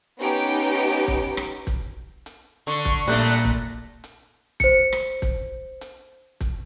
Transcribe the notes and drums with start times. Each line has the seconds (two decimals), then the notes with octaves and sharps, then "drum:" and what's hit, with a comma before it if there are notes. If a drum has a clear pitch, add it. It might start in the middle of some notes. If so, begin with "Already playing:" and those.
0.19 B3 C#4 D#4 G4 D7
0.48 drum: hi-hat
1.08 drum: kick, hi-hat
1.37 drum: rim click
1.67 drum: kick, hi-hat
2.26 drum: hi-hat
2.67 D3 C#6
2.85 drum: kick, hi-hat
3.08 A#2 G3 A3 D4 F#6
3.44 drum: kick, hi-hat
4.04 drum: hi-hat
4.60 C5 C#7, drum: kick, hi-hat
4.93 drum: rim click
5.22 drum: kick, hi-hat
5.81 drum: hi-hat
6.41 drum: kick, hi-hat